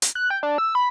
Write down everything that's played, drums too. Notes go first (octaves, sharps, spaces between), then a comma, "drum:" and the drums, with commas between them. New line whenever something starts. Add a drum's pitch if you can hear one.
drum: hi-hat
F#6
G5
D4
E6
B5